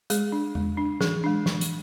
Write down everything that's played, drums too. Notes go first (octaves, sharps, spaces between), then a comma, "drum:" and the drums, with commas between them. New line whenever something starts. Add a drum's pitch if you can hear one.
G#3 G#4, drum: hi-hat
D4
G#3, drum: tom E2
D4
E3 G#4, drum: snare
G#3 D4
E3, drum: snare
drum: hi-hat